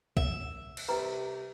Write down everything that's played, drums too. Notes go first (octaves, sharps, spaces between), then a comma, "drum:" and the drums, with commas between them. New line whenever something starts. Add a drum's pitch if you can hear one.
E5, drum: kick
drum: cymbal
C2 C3 B4 G5 A#5